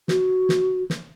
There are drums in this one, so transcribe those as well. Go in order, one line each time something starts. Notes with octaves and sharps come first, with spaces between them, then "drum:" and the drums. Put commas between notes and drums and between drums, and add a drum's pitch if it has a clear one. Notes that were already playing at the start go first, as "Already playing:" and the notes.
F#4, drum: snare
drum: snare
drum: snare